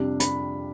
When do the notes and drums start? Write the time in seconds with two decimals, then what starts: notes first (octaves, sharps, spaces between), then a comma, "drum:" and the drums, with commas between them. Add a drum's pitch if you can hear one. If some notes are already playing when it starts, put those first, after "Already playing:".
Already playing: F2 C3 G3 D4
0.20 B5, drum: hi-hat